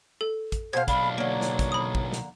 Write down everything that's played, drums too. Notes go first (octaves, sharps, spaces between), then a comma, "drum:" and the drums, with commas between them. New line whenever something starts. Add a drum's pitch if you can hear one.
A4
drum: kick, hi-hat
B2 C5 F5 G#6
B1 D4 F5 B5, drum: kick, hi-hat
D3 A#3 C#5
drum: snare
drum: kick, hi-hat
B5 D#6
drum: kick
drum: snare